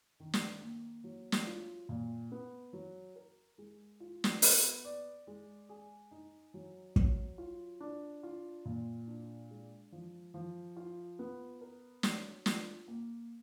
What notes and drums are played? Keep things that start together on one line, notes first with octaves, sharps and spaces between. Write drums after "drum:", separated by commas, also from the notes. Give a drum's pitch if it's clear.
D#3
drum: snare
A#3
F#3
drum: snare
F4
A#2
B3
F#3
A#4
G#3
F4
drum: snare
B3, drum: open hi-hat
D5
G#3
G#4
D#4
F#3
F#3, drum: kick
F4
D4
F4
A#2
D4
G#3
F3
F3
F4
B3
A#4
F#3, drum: snare
F4, drum: snare
A#3